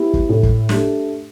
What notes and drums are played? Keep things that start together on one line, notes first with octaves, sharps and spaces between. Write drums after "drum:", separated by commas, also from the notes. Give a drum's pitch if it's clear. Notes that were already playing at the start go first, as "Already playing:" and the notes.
Already playing: B3 E4 G4
drum: kick
A2
drum: kick
A3 D4 G4, drum: snare